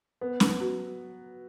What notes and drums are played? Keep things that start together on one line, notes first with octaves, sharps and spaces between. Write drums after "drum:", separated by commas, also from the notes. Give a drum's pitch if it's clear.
B3
B3, drum: snare C#4
F#3